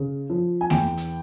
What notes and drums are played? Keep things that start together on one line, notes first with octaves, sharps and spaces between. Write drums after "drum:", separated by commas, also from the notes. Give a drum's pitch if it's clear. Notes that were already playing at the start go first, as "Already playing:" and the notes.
Already playing: C#3
F3
G#5
E2 G5, drum: snare A3
drum: hi-hat